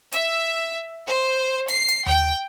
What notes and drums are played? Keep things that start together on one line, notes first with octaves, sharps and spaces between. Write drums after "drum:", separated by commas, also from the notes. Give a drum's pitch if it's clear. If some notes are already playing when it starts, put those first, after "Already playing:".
E5, drum: hi-hat
C5
C7, drum: hi-hat
drum: hi-hat
G5, drum: tom D#2